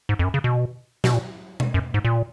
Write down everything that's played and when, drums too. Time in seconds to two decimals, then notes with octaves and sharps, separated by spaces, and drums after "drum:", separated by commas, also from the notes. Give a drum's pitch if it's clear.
0.09 G#2
0.19 F2
0.24 F#2
0.34 C#3
0.44 B2
1.04 B2, drum: snare
1.14 A#2
1.60 drum: tom B2
1.74 F#2
1.94 G#2
2.05 A#2